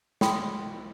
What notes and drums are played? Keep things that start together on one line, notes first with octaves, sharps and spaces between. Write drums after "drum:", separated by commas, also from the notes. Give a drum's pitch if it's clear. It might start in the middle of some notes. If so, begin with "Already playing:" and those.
G5 B5 C6 D#6, drum: snare